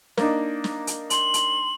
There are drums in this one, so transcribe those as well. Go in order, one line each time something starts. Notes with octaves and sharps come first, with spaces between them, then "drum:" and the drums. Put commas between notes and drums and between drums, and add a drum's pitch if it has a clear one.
A#3 D4 D#4, drum: snare
drum: snare
drum: hi-hat
C6 F#7, drum: hi-hat
drum: hi-hat